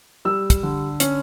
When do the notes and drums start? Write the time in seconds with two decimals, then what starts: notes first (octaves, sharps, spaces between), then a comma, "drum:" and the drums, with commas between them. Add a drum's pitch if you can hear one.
0.25 G3 E6
0.50 drum: kick, hi-hat
0.63 D3
1.00 C#4, drum: hi-hat